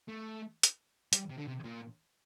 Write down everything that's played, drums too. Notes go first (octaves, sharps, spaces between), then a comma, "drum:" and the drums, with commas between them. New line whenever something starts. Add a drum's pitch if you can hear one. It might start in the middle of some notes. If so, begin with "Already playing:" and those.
A3
drum: hi-hat
G3, drum: hi-hat
C3
D3
C3
A#2